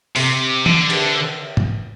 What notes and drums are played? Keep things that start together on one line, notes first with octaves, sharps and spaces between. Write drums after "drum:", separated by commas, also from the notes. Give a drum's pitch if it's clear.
C3, drum: open hi-hat
D3, drum: tom
drum: cymbal
drum: tom G#2